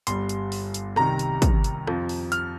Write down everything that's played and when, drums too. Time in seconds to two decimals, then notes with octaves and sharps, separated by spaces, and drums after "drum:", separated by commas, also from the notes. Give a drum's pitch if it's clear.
0.07 G1 G2 G3 C6, drum: hi-hat
0.29 drum: hi-hat
0.52 drum: open hi-hat
0.74 drum: hi-hat
0.96 C2 C3 D#3 A#5, drum: rim click
1.19 drum: hi-hat
1.42 drum: kick, hi-hat
1.64 drum: hi-hat
1.87 F2 F3, drum: rim click
2.09 drum: open hi-hat
2.32 F6, drum: hi-hat